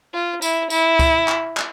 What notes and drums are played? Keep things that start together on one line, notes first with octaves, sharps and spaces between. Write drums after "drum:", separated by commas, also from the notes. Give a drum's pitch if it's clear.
F4
E4, drum: tambourine
E4, drum: tambourine
drum: kick C#2, tambourine
drum: clap
drum: clap